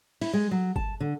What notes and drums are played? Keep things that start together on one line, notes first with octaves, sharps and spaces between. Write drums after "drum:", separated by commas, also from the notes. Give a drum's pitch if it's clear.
E4, drum: open hi-hat
G#3
F#3
A5, drum: kick G1
D3